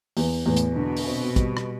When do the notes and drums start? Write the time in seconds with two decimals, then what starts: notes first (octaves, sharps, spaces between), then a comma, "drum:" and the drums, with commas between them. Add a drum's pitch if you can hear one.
0.17 E2, drum: open hi-hat
0.46 E2 A2
0.56 drum: hi-hat
0.76 B2 D3
0.97 drum: open hi-hat
1.07 C4
1.36 G3, drum: kick, hi-hat
1.57 drum: rim click